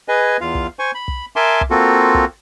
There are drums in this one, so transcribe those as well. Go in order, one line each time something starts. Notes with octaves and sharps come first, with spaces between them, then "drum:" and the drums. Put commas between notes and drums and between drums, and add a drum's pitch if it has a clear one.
G#4 B4 D#5 G#5
E2 F4 F5
drum: kick
C5 G#5 C#6
B5
drum: kick
A#4 E5 G#5 A5 C6 D6
drum: kick
A#3 C4 F4 F#4 A4
drum: kick